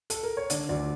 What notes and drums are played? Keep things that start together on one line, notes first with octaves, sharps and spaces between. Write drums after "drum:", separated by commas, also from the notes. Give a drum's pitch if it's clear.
A4, drum: hi-hat
A#4
C#5
D3 D5, drum: hi-hat
D2 D5